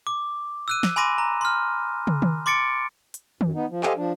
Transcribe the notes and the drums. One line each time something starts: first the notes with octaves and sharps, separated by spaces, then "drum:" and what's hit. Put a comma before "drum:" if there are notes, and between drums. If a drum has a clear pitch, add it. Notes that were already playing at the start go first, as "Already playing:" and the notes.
D6
E6 F#6 D#7
drum: snare
G#5 B5 C6 D6 A#6 D#7
A#5
C6 F6
drum: tom
drum: tom D#3
C6 D6 A6 C#7 D7
drum: hi-hat
F#2, drum: tom D#3
B3 D#4
F3
G4 A4 C5 D#5 F5 G#5, drum: clap
F3 D4